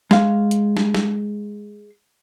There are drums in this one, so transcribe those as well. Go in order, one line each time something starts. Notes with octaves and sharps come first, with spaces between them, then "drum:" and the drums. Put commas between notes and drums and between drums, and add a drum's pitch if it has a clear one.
G#3 F5, drum: snare
drum: hi-hat
drum: snare
drum: snare